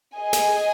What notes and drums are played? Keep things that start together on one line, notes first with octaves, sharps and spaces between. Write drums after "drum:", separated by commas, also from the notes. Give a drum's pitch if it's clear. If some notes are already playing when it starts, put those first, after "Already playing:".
G#4 D#5 G#5
drum: snare